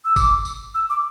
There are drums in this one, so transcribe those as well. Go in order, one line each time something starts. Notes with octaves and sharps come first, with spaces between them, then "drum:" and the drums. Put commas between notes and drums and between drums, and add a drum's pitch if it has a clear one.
E6
D6, drum: kick, tambourine
drum: tambourine
E6
D6